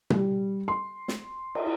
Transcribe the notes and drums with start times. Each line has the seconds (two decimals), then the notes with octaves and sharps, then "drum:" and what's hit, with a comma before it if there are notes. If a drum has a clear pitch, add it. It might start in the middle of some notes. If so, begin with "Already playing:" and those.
0.10 G3, drum: tom B2
0.68 C6
1.08 drum: snare
1.55 drum: cymbal